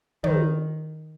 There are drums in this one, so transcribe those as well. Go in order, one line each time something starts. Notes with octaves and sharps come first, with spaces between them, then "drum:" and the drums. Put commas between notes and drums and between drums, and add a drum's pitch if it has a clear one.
D#3, drum: tom